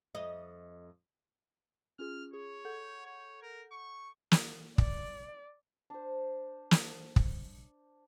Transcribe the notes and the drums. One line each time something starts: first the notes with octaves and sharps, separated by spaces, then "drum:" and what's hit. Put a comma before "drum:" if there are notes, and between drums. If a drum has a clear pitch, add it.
F2 D#5
C#4 F4 G#4 F6
G#4 C#5
A4 F#5 G6
C#5
A#4
C#6
drum: snare
D5, drum: kick
D4 C5
drum: snare
drum: kick